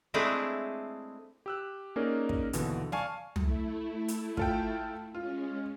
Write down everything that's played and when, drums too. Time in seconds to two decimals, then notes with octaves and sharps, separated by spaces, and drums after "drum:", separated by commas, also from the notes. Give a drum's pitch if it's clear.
0.14 G#3 A3 C4 D4 E4 G#4
1.46 G4 E6 F#6
1.96 A#3 C#4 D#4 G#4 A#4 D5
2.29 drum: kick
2.53 D#2 B2 D3 E3, drum: hi-hat
2.92 D5 F5 G#5 A5 C#6, drum: snare
3.36 A3 E4, drum: tom
4.08 drum: hi-hat
4.37 F4 A4 G5, drum: kick
5.15 G#3 C#4 F4